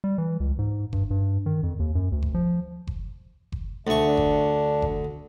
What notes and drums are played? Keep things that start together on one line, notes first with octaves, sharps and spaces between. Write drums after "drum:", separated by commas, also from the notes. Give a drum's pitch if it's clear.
G3
E3
C#2
G#2
G2, drum: kick F#1
G2
D#3
F2
D#2
F#2
D2
drum: kick F#1
F3
drum: kick F#1
drum: kick F#1
D2 A3 C#6
D4
drum: kick F#1
drum: kick F#1